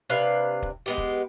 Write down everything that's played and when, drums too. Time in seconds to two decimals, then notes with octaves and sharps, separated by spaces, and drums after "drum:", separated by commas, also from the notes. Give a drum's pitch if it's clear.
0.10 C3 D4 B4 F5
0.62 drum: kick
0.86 G#3 B3 G4
0.98 drum: kick